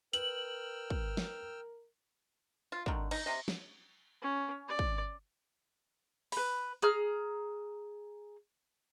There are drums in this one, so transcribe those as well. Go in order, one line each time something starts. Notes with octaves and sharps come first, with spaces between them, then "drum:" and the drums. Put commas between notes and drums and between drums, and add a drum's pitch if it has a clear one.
A#4 B4 G5 E6 F6 F#7, drum: hi-hat
drum: kick
drum: snare
F4
D3 D#3, drum: kick
D#4, drum: cymbal
C3 D#5
drum: snare
C#4
D5
drum: kick
B4 B5, drum: open hi-hat
G#4 A#5 F6, drum: hi-hat